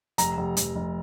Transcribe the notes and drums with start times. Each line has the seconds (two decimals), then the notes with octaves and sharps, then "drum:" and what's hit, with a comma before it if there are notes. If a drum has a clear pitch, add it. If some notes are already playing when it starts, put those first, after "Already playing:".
0.18 F1 A#5, drum: hi-hat
0.37 F1
0.57 F1, drum: hi-hat
0.75 F1